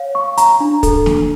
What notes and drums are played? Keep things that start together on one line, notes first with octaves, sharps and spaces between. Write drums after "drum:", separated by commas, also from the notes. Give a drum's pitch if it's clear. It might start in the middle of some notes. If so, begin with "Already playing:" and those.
Already playing: C#5 F5
C#6
A#5, drum: hi-hat
D4
A4, drum: kick, hi-hat
D4, drum: snare